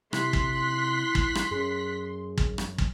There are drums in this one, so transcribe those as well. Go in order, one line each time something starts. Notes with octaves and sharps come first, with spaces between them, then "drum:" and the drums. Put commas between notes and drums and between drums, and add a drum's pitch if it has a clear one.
C3 E4 C6 F#6 B6, drum: rim click
drum: kick
drum: kick
drum: rim click
F#2 G#4
drum: kick
drum: rim click
drum: kick